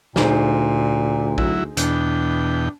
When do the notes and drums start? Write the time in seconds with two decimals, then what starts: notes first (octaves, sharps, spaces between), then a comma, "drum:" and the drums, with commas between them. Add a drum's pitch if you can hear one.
0.16 D2 A#2 D#4 G#4 C5, drum: snare
1.38 F#3 E4, drum: kick A#1
1.77 E2 B2 D4 G5, drum: hi-hat